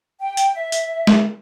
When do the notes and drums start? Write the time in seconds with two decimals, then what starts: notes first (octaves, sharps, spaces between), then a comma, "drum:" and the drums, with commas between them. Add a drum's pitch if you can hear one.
0.20 G5
0.37 drum: hi-hat
0.55 E5
0.72 drum: hi-hat
1.07 drum: snare G#3